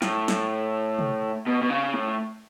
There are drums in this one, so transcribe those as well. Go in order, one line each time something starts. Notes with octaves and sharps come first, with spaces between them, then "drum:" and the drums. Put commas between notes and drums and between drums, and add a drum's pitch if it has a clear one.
A2, drum: snare
drum: snare
drum: tom
B2
B2
C#3
A2